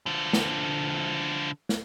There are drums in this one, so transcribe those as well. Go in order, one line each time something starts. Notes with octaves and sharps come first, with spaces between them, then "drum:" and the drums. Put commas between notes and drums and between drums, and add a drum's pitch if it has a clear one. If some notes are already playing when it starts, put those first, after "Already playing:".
D3 F3
drum: snare
drum: snare